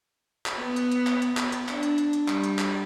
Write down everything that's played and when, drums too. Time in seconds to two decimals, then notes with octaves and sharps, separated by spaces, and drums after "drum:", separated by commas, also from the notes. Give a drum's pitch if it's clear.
0.46 drum: clap
0.56 B3
0.76 drum: hi-hat
0.92 drum: hi-hat
1.07 drum: clap
1.22 drum: hi-hat
1.37 drum: clap
1.52 drum: hi-hat
1.68 D4, drum: clap
1.83 drum: hi-hat
1.98 drum: hi-hat
2.13 drum: hi-hat
2.28 G3, drum: clap
2.44 drum: hi-hat
2.59 drum: clap